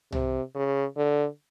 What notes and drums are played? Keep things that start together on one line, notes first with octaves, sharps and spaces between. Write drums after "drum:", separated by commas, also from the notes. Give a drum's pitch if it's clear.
C3, drum: tom C2
C#3
D3